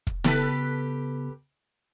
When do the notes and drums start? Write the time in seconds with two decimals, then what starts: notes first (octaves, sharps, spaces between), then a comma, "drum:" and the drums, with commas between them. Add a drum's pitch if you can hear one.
0.07 drum: kick
0.24 C#3 B3 G4 A4 B4, drum: snare